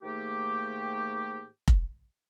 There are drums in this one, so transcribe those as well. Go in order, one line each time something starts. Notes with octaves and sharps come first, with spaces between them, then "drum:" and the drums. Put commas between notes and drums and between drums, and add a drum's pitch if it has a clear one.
G#2 D#3 A3 A#3 G4
drum: kick F1